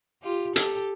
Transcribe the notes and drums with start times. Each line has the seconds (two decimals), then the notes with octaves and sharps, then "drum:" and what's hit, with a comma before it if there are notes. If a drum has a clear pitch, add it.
0.23 F4 G4
0.56 G4 A4, drum: hi-hat